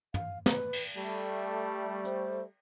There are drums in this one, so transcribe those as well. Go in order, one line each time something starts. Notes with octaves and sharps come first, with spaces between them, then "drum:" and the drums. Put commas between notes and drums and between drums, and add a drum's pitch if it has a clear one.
F5, drum: tom
B4, drum: snare
drum: cymbal
G3 A3 A5
C5, drum: hi-hat